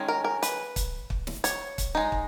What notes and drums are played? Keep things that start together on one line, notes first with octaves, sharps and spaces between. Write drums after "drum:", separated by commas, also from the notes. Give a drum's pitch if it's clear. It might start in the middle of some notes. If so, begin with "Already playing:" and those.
Already playing: D#3 G#3 C#4
A#4
A#4
B4, drum: hi-hat
drum: kick, hi-hat
drum: kick
drum: snare
C#5, drum: hi-hat
drum: kick, hi-hat
G#3 D#4
drum: kick